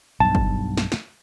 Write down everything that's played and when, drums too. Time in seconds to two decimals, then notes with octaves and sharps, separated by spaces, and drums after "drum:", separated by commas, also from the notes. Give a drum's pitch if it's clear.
0.20 B1 G2 A5
0.35 drum: kick
0.77 drum: snare
0.92 drum: snare